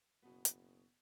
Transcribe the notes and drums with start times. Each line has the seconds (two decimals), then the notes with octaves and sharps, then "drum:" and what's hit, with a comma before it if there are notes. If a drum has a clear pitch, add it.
0.22 F#1 B2 B3
0.45 drum: hi-hat